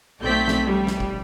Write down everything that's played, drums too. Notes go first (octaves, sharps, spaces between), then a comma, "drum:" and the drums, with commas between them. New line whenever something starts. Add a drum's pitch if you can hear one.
B1 A3 C4 D5 G6 B6
drum: snare
G3
drum: snare
drum: kick